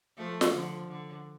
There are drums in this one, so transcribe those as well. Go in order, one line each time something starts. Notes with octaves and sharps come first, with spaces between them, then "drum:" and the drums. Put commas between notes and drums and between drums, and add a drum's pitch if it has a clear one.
F3 A3
drum: snare
D3 F3
D3